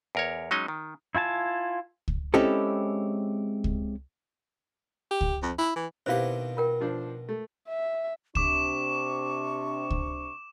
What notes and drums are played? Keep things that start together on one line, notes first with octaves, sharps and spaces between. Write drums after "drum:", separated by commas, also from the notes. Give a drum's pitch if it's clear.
E2 A#4 C#5
F#3 G#3 C#4 D#4 D#5
D#3
E4 F4 G#5 A5
drum: kick C#2
G#3 C4 C#4 E4 G4 A4
drum: kick C#2
G4
drum: kick C#2
F2
E4
E3
B2 D#3 C4 E4 G4 C5 F5 F#5
F4 A#4 G5
F3 D4 C5
A3
E5
C3 D4 C#6 D6 E7, drum: kick C#2
drum: kick C#2